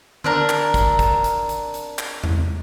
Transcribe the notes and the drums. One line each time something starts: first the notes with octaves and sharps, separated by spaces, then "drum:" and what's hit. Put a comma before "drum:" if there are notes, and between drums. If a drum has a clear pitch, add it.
C4 D4 A#4, drum: tom D3
drum: clap
drum: kick, hi-hat
drum: kick, hi-hat
drum: hi-hat
drum: hi-hat
drum: hi-hat
drum: clap
drum: tom E2